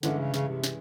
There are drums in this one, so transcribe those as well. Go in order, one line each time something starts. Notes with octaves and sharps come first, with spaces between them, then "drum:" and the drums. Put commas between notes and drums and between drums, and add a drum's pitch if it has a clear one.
G2 D3 E3 G#3 C#4 E4, drum: snare
C#3
C#3, drum: snare
C3
drum: snare